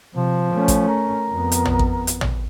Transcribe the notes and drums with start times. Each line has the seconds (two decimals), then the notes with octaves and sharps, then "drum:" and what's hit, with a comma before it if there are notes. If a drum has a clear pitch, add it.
0.15 C3 F3
0.54 A3 C#4
0.68 drum: kick A1, hi-hat
0.88 A#4
1.31 F2 B3
1.52 drum: hi-hat
1.65 drum: tom
1.79 drum: kick A1
2.07 drum: hi-hat
2.21 drum: tom